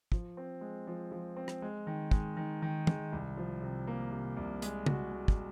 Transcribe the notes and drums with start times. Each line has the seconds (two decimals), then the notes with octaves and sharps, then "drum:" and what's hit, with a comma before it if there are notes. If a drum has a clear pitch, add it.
0.12 F3, drum: kick
0.37 C4
0.61 G#3
0.87 F3
1.12 F3
1.37 C4
1.48 drum: rim click
1.62 G#3
1.87 D#3
2.11 G#3, drum: kick
2.37 D#3
2.62 D#3
2.87 G#3, drum: tom D#3
3.12 C2
3.37 F3
3.62 C3
3.87 A#3
4.11 C3
4.37 C2
4.62 G#3, drum: hi-hat
4.86 F#4, drum: tom
5.12 G#3
5.28 drum: kick